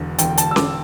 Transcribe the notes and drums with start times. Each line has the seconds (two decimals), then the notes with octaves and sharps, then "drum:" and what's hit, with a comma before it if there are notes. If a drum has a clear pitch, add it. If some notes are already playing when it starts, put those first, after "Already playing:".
Already playing: E1 E2 D3
0.18 E1 E2 D3 G5, drum: hi-hat
0.38 A5, drum: hi-hat
0.51 E6
0.56 D6, drum: snare C#4